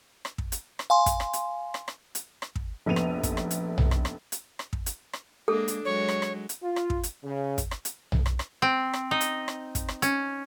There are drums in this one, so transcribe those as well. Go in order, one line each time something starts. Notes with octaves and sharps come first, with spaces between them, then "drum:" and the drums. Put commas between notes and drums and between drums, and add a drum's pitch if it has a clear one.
drum: rim click
drum: kick
drum: hi-hat
drum: rim click
F5 G#5 C6
drum: kick, hi-hat
drum: rim click
drum: hi-hat
drum: rim click
drum: rim click
drum: hi-hat
drum: rim click
drum: kick
F1 A#1 B3 D#7 F7
drum: rim click
drum: kick, hi-hat
drum: rim click
drum: hi-hat
drum: tom B1
drum: rim click
drum: rim click
drum: hi-hat
drum: rim click
drum: kick
drum: hi-hat
drum: rim click
G#3 A#3 D4 A4
drum: hi-hat
F#3 G#3 C#5
drum: rim click
drum: rim click
drum: hi-hat
F4
drum: rim click
drum: kick
drum: hi-hat
C#3
drum: kick, hi-hat
drum: rim click
drum: hi-hat
drum: tom B1
drum: rim click
drum: rim click
C4
drum: rim click
D#4
drum: hi-hat
drum: rim click
drum: kick, hi-hat
drum: rim click
C#4, drum: hi-hat